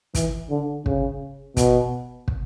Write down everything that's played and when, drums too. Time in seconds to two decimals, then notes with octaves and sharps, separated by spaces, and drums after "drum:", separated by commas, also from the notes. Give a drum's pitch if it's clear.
0.15 E3, drum: kick, hi-hat
0.50 D3
0.86 C#3, drum: kick
1.57 B2, drum: kick, hi-hat
2.28 drum: kick